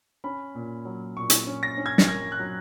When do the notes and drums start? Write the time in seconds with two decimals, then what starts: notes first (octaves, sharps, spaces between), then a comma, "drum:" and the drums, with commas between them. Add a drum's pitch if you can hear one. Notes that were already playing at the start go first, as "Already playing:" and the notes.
0.24 C#4 B5
0.55 A#2
0.85 F#3
1.17 A#2 C#6
1.30 drum: hi-hat
1.47 C#4
1.63 A#6
1.78 C#4
1.86 G#6
1.98 A#6, drum: snare
2.08 A#3 G#6
2.32 F#6
2.39 F#3